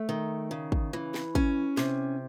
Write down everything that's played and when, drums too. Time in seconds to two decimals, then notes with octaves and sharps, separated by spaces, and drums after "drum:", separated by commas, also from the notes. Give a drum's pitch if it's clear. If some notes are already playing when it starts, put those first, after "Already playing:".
Already playing: A3
0.09 D#3
0.51 C#3
0.72 drum: kick
0.93 E3
1.14 drum: snare
1.35 C#4, drum: kick
1.77 C3, drum: snare